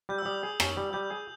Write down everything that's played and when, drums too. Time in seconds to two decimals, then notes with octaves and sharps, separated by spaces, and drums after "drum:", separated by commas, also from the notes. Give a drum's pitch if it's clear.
0.09 G3 G6
0.18 E6
0.25 G3 D#6
0.43 G#4
0.60 C#4, drum: rim click
0.77 G3
0.93 G3 G6
1.10 G#4